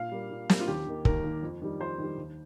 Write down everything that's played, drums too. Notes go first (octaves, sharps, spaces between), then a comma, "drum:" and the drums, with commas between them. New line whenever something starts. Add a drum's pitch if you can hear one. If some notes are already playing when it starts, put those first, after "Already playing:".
Already playing: A#2 F5
G3 A#3
A#2
G3 A#3, drum: snare
F4
D#2 G4
D#3 A#3
D#2 A#4, drum: kick
D#3 A#3
F2
D#3 G3
F2 C5
D#3
G3
D#2